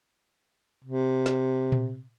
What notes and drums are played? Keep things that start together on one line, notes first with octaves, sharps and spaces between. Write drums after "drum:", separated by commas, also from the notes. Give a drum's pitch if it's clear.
C3
drum: snare
drum: tom A#2